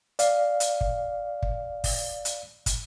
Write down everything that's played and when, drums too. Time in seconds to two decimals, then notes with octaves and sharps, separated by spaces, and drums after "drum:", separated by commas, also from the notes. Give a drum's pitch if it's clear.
0.19 D5 F5, drum: hi-hat
0.60 drum: hi-hat
0.81 drum: kick
1.43 drum: kick
1.84 drum: kick, open hi-hat
2.25 drum: hi-hat
2.66 drum: kick, hi-hat